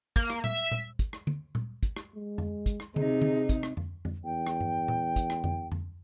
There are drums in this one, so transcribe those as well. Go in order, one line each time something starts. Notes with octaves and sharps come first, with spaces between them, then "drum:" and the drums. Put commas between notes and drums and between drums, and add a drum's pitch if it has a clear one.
A#3, drum: kick, hi-hat
drum: rim click
E5, drum: tom A#2
drum: tom A#2
drum: kick, hi-hat
drum: rim click
drum: tom
drum: tom A#2
drum: kick, hi-hat
drum: rim click
G#3
drum: tom F2
drum: kick, hi-hat
drum: rim click
C3 D#4 G#4, drum: tom
drum: tom
drum: kick, hi-hat
drum: rim click
drum: tom F2
drum: tom F2
E2 G5
drum: rim click
drum: tom G2
drum: tom A#2
drum: kick, hi-hat
drum: rim click
drum: tom F2
drum: tom F2